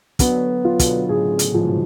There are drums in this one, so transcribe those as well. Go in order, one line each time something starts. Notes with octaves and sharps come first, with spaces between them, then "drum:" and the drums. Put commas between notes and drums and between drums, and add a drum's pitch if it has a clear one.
D3 F#3 B3, drum: kick, hi-hat
F4
B2 D3, drum: kick, hi-hat
A2 C#3 G#4
drum: hi-hat
G#2 F3